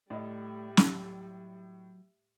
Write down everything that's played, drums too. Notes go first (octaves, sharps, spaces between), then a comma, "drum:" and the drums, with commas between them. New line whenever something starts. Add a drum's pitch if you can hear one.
A2 G3 A3 D5 D#5
F#3, drum: snare